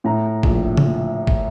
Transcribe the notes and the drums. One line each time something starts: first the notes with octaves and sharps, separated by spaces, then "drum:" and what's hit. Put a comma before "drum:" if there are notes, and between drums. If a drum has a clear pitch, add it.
A2 A#5
A#1, drum: kick
drum: tom C#3
drum: kick